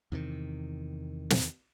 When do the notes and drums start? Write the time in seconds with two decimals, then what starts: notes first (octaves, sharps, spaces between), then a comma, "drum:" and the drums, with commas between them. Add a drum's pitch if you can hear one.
0.12 E2 C3 D#3
1.30 drum: snare